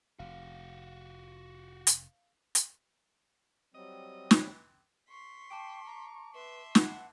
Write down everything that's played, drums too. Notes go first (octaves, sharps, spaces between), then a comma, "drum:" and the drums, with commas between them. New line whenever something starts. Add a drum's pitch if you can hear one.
F1 F#4 G4 F5
drum: hi-hat
drum: hi-hat
F#3 G3 C4 D#5
drum: snare
C6 C#6 B6
G5 A5 D6 D7
A#5
B4 E5 C6
F#5, drum: snare